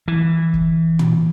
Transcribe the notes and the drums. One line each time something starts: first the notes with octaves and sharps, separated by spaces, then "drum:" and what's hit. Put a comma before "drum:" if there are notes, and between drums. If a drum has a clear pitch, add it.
E3
drum: kick
drum: tom